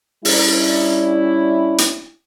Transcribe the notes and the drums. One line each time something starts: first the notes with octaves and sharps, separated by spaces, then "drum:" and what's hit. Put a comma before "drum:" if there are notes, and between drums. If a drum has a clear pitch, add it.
G3 C#4 D4 E4, drum: open hi-hat
drum: hi-hat